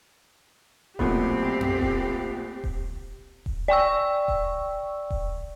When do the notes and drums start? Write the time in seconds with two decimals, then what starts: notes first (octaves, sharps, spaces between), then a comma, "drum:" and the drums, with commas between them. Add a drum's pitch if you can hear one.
0.99 B1 A#2 A3 B3 C4 G4, drum: kick D#1
1.61 drum: tom F2
1.81 drum: kick D#1
2.64 drum: kick D#1
3.46 drum: kick D#1
3.68 D5 G5 C#6 E6
4.28 drum: kick D#1
5.10 drum: kick D#1